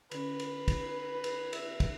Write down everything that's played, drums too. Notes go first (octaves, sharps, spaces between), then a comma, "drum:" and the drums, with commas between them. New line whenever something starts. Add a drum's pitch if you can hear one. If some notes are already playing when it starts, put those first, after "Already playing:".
D3 C#4 B4, drum: cymbal
drum: cymbal
drum: kick, cymbal
drum: cymbal
E5, drum: cymbal
drum: kick, cymbal